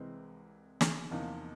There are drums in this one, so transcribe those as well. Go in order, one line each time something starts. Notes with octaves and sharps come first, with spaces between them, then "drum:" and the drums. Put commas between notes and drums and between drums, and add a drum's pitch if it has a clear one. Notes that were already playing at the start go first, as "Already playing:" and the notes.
Already playing: C2 C3 E3 G#3 C4
drum: snare
E2 C3 F3 A#3 D#4